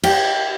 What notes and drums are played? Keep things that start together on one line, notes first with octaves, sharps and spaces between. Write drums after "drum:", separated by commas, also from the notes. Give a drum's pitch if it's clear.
G4, drum: cymbal